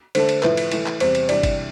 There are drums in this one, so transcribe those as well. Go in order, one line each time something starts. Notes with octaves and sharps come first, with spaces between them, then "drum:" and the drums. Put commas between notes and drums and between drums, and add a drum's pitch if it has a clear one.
D3 A3 D4 A4 C5, drum: cymbal
drum: cymbal
A2 F3 A3 E4 B4, drum: clap
drum: cymbal
E3 A3 E4, drum: cymbal
drum: clap
E2 C3 G3 C4 C5, drum: cymbal
drum: cymbal
C3 E3 G3 D4 G4 D5, drum: cymbal
drum: kick G1, cymbal